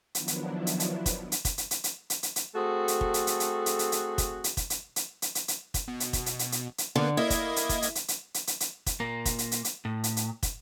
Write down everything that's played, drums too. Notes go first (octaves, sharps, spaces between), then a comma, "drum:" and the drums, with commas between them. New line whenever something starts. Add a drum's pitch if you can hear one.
D#3 F3 F#3 B3 D4 E4, drum: hi-hat
drum: hi-hat
drum: hi-hat
drum: hi-hat
drum: kick, hi-hat
drum: hi-hat
drum: kick, hi-hat
drum: hi-hat
drum: hi-hat
drum: hi-hat
drum: hi-hat
drum: hi-hat
drum: hi-hat
A3 C4 F#4 G#4 A4
drum: hi-hat
drum: kick
drum: hi-hat
drum: hi-hat
drum: hi-hat
drum: hi-hat
drum: hi-hat
drum: hi-hat
drum: kick, hi-hat
drum: hi-hat
drum: kick, hi-hat
drum: hi-hat
drum: hi-hat
drum: hi-hat
drum: hi-hat
drum: hi-hat
drum: kick, hi-hat
B2
drum: hi-hat
drum: kick, hi-hat
drum: hi-hat
drum: hi-hat
drum: hi-hat
drum: hi-hat
D3 A#3 B3
A#3 E4 D#5 G#6
drum: kick, hi-hat
drum: hi-hat
drum: kick, hi-hat
drum: hi-hat
drum: hi-hat
drum: hi-hat
drum: hi-hat
drum: hi-hat
drum: hi-hat
drum: kick, hi-hat
A#2 A#3
drum: kick, hi-hat
drum: hi-hat
drum: hi-hat
drum: hi-hat
A2
drum: hi-hat
drum: hi-hat
drum: kick, hi-hat